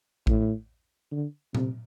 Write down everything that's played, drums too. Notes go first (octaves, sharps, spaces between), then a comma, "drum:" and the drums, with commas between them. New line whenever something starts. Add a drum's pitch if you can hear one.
A2, drum: kick A1
D3
C3, drum: tom A#2